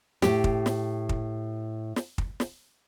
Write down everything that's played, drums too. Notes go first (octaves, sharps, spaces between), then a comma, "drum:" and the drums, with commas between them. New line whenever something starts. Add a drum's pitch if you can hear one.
A2 G4, drum: snare
drum: kick
drum: snare
drum: kick
drum: snare
drum: kick
drum: snare